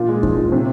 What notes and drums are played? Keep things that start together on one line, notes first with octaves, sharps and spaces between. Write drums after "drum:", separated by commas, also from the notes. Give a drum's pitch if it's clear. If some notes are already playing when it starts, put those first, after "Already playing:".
Already playing: A#2 F4
G#3
F3, drum: kick
A#2
C3